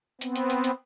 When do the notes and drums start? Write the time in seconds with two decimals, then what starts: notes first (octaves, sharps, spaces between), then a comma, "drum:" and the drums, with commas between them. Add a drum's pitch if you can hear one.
0.21 B3 C4, drum: hi-hat
0.36 drum: hi-hat
0.50 drum: hi-hat
0.64 drum: hi-hat